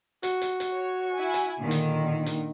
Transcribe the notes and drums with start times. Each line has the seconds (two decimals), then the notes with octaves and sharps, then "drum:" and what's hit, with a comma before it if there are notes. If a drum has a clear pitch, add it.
0.23 F#4, drum: hi-hat
0.42 drum: hi-hat
0.60 drum: hi-hat
0.74 C#5
1.14 E4 G#5
1.34 drum: hi-hat
1.59 A#2 D3 D#3
1.71 drum: hi-hat
2.26 drum: hi-hat